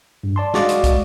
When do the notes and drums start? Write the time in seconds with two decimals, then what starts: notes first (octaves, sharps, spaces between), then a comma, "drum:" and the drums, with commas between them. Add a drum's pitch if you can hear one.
0.23 G2
0.36 D5 A5 C6
0.54 G#3 F#4 D5 D#5 F5, drum: snare
0.69 drum: hi-hat
0.84 drum: kick, hi-hat